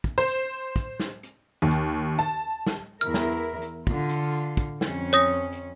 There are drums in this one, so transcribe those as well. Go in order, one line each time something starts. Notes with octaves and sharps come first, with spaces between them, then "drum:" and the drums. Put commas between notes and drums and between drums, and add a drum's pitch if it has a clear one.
drum: kick
C5
drum: hi-hat
drum: kick, hi-hat
drum: snare
drum: hi-hat
D#2
drum: hi-hat
A5, drum: hi-hat
drum: snare
E2 E4 A#4 F6
drum: snare
drum: hi-hat
D3 F4, drum: kick
drum: hi-hat
drum: kick, hi-hat
F2 C#4, drum: snare
C#5 D#6 A#6
drum: hi-hat